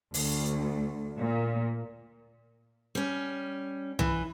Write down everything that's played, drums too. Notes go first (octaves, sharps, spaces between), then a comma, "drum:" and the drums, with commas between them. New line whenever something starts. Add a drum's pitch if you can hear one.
D2, drum: open hi-hat
A#2
G3 C#4
E3, drum: tom